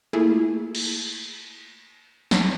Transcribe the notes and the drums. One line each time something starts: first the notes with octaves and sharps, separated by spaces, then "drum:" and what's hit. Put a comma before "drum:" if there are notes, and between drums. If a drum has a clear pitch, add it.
A3 A#3 E4 F4 G#4
drum: cymbal
drum: snare